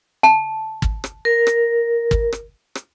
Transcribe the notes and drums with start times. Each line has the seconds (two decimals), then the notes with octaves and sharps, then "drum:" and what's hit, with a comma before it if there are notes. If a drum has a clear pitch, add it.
0.23 A5
0.82 drum: kick
1.04 drum: rim click
1.25 A#4
1.47 drum: rim click
2.11 drum: kick
2.32 drum: rim click
2.75 drum: rim click